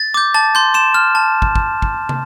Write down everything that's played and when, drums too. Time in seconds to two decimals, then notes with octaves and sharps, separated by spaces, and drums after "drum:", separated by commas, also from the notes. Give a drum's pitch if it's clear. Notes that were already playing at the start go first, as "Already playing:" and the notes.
Already playing: A6
0.14 D6 G6
0.34 A5 A6
0.55 C6 G6
0.74 C6 E7
0.94 F6
1.15 A5
1.42 drum: kick
1.55 drum: kick
1.82 drum: kick
2.09 drum: tom